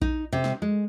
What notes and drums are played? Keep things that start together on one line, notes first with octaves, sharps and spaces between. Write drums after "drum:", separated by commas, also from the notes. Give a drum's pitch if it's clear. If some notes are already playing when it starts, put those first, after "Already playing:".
D#4, drum: kick A#1
C3
drum: snare
G#3